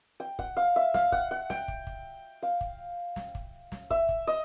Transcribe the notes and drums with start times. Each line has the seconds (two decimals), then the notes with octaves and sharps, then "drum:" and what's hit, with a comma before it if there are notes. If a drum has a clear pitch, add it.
0.20 G5
0.39 F#5, drum: kick
0.57 F5
0.76 E5
0.94 F5, drum: snare
1.12 F#5, drum: kick
1.31 F#5
1.50 G5, drum: snare
1.68 drum: kick
1.87 drum: kick
2.42 F5
2.61 drum: kick
3.16 drum: snare
3.35 drum: kick
3.72 drum: snare
3.90 E5, drum: kick
4.09 drum: kick
4.27 D#5